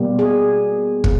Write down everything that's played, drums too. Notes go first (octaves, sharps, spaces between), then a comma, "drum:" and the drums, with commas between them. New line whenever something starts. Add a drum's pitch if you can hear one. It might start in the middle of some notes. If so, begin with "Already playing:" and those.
Already playing: B2 G3 A#3
G#4
drum: kick